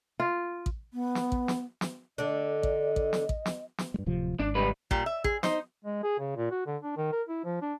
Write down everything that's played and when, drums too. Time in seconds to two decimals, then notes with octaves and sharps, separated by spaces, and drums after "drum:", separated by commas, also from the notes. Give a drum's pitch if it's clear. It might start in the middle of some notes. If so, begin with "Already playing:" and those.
0.20 F4
0.66 drum: kick A1
0.94 B3
1.15 drum: snare
1.32 drum: kick A1
1.48 drum: snare
1.81 drum: snare
2.18 D3 D4 D#5
2.63 drum: kick A1
2.96 drum: kick A1
3.13 drum: snare
3.29 drum: kick A1
3.46 drum: snare
3.78 drum: snare
3.94 G2 G#3
4.06 D1 C3 F3
4.39 G#1 D4
4.55 C#2 G3 B4
4.91 A#2 G3, drum: kick A1
5.06 E5
5.24 G#4, drum: kick A1
5.43 D#4 C5, drum: snare
5.84 G#3
6.03 G#4
6.19 C#3
6.36 A#2
6.51 F#4
6.66 D3
6.83 D4
6.97 D#3
7.12 A#4
7.29 E4
7.44 F3
7.62 D4